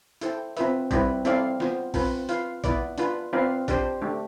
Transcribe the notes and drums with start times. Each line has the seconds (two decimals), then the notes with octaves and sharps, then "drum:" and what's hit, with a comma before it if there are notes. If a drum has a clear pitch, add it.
0.21 E4 A4 C5 G5, drum: hi-hat
0.57 C4 F4 B4 E5, drum: hi-hat
0.91 G3 C4 E4 B4, drum: kick A1, hi-hat
1.25 C4 E4 A4 D5 F5, drum: hi-hat
1.60 B3 F4 C5, drum: snare
1.94 C4 F4 B4, drum: kick A1, open hi-hat
2.29 F4 B4 F5, drum: hi-hat
2.64 B3 E4 B4 D5, drum: kick A1, hi-hat
2.98 D4 F4 B4, drum: hi-hat
3.33 C4 F4 B4 D5 F5
3.68 D4 G4 C5, drum: kick A1, hi-hat
4.02 A3 D4 G4